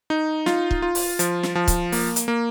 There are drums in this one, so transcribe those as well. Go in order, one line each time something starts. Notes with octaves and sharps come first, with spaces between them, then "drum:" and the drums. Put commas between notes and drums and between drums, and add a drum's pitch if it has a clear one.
D#4
F4, drum: snare
drum: kick C#1
F4
drum: open hi-hat
F3, drum: hi-hat
drum: snare
F3
drum: kick C#1, hi-hat
A#3, drum: open hi-hat
drum: hi-hat
A#3